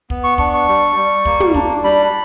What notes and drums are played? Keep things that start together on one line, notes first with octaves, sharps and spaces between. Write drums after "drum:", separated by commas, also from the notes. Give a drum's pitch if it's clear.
B3, drum: kick
C#6
D4 C#6, drum: kick
C#6
G3
G3
A#3, drum: kick
drum: tom
D4, drum: kick
G3 B5